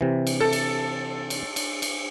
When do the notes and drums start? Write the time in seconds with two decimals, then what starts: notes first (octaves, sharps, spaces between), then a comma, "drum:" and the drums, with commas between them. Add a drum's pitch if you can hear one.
0.01 C3 E3
0.27 drum: cymbal
0.40 A4
0.53 drum: cymbal
1.30 drum: cymbal
1.56 drum: cymbal
1.82 drum: cymbal